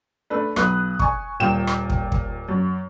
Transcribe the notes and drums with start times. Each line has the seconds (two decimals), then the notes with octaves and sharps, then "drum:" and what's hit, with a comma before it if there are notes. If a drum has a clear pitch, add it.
0.30 A3 D4 B4
0.56 B1 B4 D#6 F#6, drum: rim click
0.99 G#5 C#6, drum: kick
1.40 D#1 A#2 G5 E7
1.67 drum: rim click
1.90 drum: kick
2.12 drum: kick
2.49 F#2